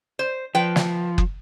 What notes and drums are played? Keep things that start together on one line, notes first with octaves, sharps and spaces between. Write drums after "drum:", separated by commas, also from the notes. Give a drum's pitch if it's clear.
C5
F3 B4 G5
drum: snare
drum: kick F#1